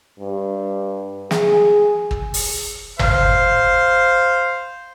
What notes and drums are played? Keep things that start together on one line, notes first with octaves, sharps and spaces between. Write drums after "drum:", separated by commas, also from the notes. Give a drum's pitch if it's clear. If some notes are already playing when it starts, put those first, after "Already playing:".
G2
G#4, drum: snare
drum: kick
drum: open hi-hat
C5 F5, drum: tom G1